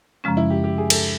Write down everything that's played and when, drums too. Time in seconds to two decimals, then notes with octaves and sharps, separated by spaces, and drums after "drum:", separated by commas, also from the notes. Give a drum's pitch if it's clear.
0.24 F#2 C#3 F3 G#3 C#4
0.37 E4
0.50 G4
0.64 G4
0.78 G#4
0.90 A4, drum: cymbal